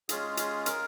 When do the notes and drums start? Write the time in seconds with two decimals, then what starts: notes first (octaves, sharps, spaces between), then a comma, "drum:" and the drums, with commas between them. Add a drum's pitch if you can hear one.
0.09 G#3 C#4 F4 G#4, drum: hi-hat
0.37 G#4, drum: hi-hat
0.66 A#4, drum: hi-hat